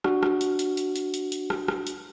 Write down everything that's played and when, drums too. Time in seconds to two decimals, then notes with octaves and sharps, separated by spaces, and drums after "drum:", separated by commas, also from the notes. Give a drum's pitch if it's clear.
0.04 D4 F#4, drum: rim click
0.23 drum: rim click
0.41 drum: hi-hat
0.59 drum: hi-hat
0.77 drum: hi-hat
0.96 drum: hi-hat
1.14 drum: hi-hat
1.32 drum: hi-hat
1.50 drum: rim click
1.68 drum: rim click
1.87 drum: hi-hat